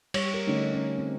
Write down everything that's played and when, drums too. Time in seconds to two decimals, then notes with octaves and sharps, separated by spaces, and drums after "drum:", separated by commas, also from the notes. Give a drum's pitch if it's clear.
0.14 G3 C#5, drum: cymbal
0.34 A#4
0.47 D3 A3 C#4 D#4
0.75 C#4
0.98 C4